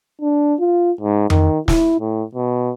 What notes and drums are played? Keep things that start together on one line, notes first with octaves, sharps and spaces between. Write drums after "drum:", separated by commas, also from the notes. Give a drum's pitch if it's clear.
D4
F4
G#2
D#3, drum: tom F2
E4, drum: snare
A2
B2